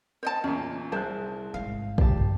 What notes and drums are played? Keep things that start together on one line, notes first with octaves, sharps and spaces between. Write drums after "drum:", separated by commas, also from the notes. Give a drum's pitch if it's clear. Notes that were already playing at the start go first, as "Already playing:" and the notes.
C5 D#5 A5
E2 A#2 C#4
C2 G#4 C5 A5 F#6
A1 G#2 F5
G4 A5, drum: kick
G2